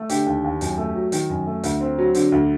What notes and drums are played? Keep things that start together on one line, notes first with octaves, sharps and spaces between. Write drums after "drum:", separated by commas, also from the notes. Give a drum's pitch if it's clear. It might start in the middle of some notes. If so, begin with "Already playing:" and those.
Already playing: A3
D3 G4, drum: hi-hat
D#2
D#2
F#2, drum: hi-hat
A3
F#3
D#3, drum: hi-hat
F#2
A3
D2, drum: hi-hat
C4
F#3
D3, drum: hi-hat
D2